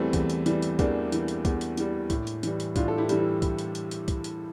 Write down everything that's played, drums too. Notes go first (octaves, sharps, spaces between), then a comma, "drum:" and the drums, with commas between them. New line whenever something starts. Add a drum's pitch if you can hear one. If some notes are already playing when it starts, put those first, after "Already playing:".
Already playing: E2 E3 G3 A3 C4
E2, drum: kick, hi-hat
drum: hi-hat
E3 G3, drum: hi-hat
drum: hi-hat
E2 A#3 D4, drum: kick, hi-hat
E3 G3, drum: hi-hat
drum: hi-hat
E2, drum: kick, hi-hat
drum: hi-hat
E3 G3, drum: hi-hat
A2, drum: kick, hi-hat
drum: hi-hat
E3 G3, drum: hi-hat
drum: hi-hat
A2 D4 F4, drum: kick, hi-hat
A4
E4 G4
E3 G3, drum: hi-hat
E4
drum: kick, hi-hat
drum: hi-hat
drum: hi-hat
drum: hi-hat
drum: kick, hi-hat
drum: hi-hat